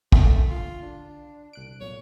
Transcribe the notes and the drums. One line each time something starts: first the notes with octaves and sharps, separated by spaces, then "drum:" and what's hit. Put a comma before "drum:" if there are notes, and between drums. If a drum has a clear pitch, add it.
D3 A3 A#3, drum: kick
D3 F4
D4
C2 F#6 D7
B1 A#2 C#5